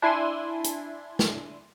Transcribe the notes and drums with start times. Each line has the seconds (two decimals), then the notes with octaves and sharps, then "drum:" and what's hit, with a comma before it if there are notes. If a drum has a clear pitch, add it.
0.02 D4 E4 G#5 C6 D#7
0.64 drum: hi-hat
1.19 drum: snare